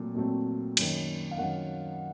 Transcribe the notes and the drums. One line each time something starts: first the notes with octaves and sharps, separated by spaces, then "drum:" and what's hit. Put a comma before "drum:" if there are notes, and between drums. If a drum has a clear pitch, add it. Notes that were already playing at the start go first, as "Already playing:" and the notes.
Already playing: A#2 F#3 A3 C4
A#2 F#3 A3 C4
F#2 D#3 A#3, drum: cymbal
F5
F#2 D#3 A#3 F#5